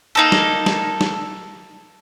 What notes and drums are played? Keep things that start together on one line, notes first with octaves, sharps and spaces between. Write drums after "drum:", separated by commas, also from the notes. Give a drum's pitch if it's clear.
A#3 D#4 A4
drum: snare
drum: snare
drum: snare